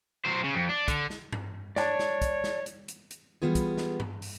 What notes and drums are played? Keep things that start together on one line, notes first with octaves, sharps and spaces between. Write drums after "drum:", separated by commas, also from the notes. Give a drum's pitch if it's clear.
F#3 C5
C#3
F2
D4
D3, drum: kick, hi-hat
drum: snare
drum: tom G2
C#5 D5 G#5 A5, drum: snare
drum: snare
drum: kick, hi-hat
drum: snare
drum: hi-hat
drum: hi-hat
drum: hi-hat
E3 F#3 G3 B3 F4 G#4
drum: kick, hi-hat
drum: snare
drum: tom G2
drum: open hi-hat